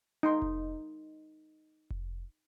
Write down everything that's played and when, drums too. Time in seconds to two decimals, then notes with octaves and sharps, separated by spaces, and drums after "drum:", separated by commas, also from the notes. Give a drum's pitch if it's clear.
0.23 D#4 C6
0.42 drum: kick F1
1.90 drum: kick F1